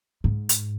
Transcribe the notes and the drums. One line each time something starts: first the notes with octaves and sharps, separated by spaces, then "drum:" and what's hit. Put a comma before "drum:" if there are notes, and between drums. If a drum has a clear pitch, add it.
G#2
drum: hi-hat